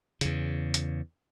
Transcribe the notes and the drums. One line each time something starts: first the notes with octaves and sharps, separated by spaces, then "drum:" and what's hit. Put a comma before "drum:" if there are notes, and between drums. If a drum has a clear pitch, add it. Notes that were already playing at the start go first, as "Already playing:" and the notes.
E2 C#3, drum: hi-hat
drum: hi-hat